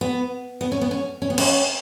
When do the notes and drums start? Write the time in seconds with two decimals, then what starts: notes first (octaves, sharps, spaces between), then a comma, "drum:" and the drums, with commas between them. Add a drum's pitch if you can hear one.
0.01 B3
0.61 B3
0.72 C#4
0.81 B3
0.91 C#4
1.22 C#4
1.30 B3
1.38 C#4, drum: cymbal